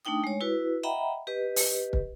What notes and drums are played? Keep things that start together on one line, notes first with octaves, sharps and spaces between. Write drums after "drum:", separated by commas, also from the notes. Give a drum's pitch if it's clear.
A3 D4 D#4 G5 D#6
G#3 C#5
E4 F#4 B4
D#5 E5 F#5 G5 A#5 B5
G4 B4 D#5
drum: open hi-hat
drum: kick